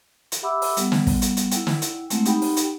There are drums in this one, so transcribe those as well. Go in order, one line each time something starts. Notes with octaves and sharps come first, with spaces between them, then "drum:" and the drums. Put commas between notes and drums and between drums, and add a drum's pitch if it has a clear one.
drum: hi-hat
G4 E5 F#5 B5 D6 E6
drum: open hi-hat
G3 B3 F#5, drum: hi-hat
drum: snare
drum: kick, open hi-hat
drum: hi-hat
drum: hi-hat
E4 F#5 G5, drum: hi-hat
drum: snare
drum: hi-hat
G#3 A3 C4 E4 F#5, drum: hi-hat
D#4 G4 F#5 G5 B5, drum: hi-hat
drum: open hi-hat
drum: hi-hat